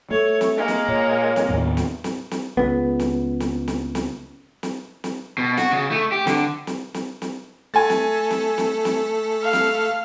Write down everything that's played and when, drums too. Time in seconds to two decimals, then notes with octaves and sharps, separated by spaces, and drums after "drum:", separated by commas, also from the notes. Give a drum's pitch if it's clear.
0.11 A3 A4 C#5
0.41 drum: snare
0.57 G#3 A#3
0.68 drum: snare
0.88 A#2 C#5
1.36 drum: snare
1.49 D#2 A2 B3
1.77 drum: snare
2.04 drum: snare
2.31 drum: snare
2.57 C#2 B3
2.99 drum: snare
3.40 drum: snare
3.68 drum: snare
3.95 drum: snare
4.63 drum: snare
5.04 drum: snare
5.38 B2
5.57 F#4, drum: snare
5.72 C#3
5.91 A3
6.12 G4
6.27 D3, drum: snare
6.67 drum: snare
6.94 drum: snare
7.22 drum: snare
7.74 A3 A4 G#5 A6
7.90 drum: snare
8.31 drum: snare
8.58 drum: snare
8.85 drum: snare
9.43 F5
9.53 drum: snare